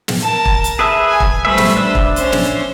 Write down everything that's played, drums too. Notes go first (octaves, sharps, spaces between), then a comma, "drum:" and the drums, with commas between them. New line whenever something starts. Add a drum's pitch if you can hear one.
drum: snare
A#4 A5
drum: kick
drum: hi-hat
G#4 B4 E5
G#5
drum: kick
G3 A3 B4 C5 E5
drum: snare
D4 E5
drum: kick
C#4 C5, drum: hi-hat
drum: snare